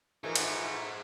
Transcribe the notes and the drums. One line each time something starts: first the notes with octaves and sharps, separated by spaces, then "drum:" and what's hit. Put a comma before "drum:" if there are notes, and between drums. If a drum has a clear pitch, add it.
E3 F3 A3 D#4 F4 G#4 A#4 C5
drum: cymbal